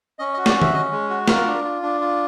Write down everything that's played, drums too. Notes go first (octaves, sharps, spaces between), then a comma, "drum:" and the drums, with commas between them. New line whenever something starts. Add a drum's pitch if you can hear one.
C#4 D#5
D#5
F#4
D5, drum: snare
C#4
E5, drum: tom D#3
C#4 D#5
G#3
F#4
F4 A#4, drum: snare
D4
F4
D4
F4